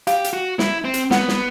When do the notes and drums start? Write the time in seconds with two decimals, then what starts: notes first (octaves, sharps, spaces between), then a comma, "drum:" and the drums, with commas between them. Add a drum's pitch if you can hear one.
0.07 G4 F5, drum: hi-hat
0.24 drum: hi-hat
0.34 F#4
0.59 E4, drum: snare
0.85 C4
0.94 drum: hi-hat
1.11 B3 F#5, drum: snare
1.28 drum: snare